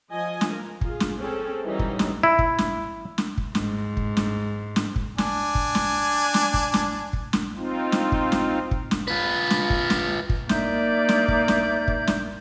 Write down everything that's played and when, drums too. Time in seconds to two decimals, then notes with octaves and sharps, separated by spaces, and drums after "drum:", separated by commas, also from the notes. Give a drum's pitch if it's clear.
0.11 F3 D#5 G#5
0.41 drum: snare
0.51 A#4
0.81 F4 G#4, drum: kick
1.00 drum: snare
1.17 C4 C#4 G#4 A4
1.64 E3 F#3 G3 C#4 D#4
1.79 drum: kick
1.99 drum: snare
2.23 E4
2.39 drum: kick
2.58 drum: snare
3.18 drum: snare
3.38 drum: kick
3.55 G#2, drum: snare
3.97 drum: kick
4.17 drum: snare
4.76 drum: snare
4.96 drum: kick
5.18 D4 G#5, drum: snare
5.55 drum: kick
5.75 drum: snare
6.34 drum: snare
6.54 drum: kick
6.74 drum: snare
7.13 drum: kick
7.33 drum: snare
7.57 C4 D#4 F4
7.92 drum: snare
8.12 drum: kick
8.32 drum: snare
8.71 drum: kick
8.91 drum: snare
9.08 F4 B4
9.50 drum: snare
9.70 drum: kick
9.90 drum: snare
10.30 drum: kick
10.49 A#3 D#4 D5 E5 G6, drum: snare
11.09 drum: snare
11.28 drum: kick
11.48 drum: snare
11.88 drum: kick
12.07 drum: snare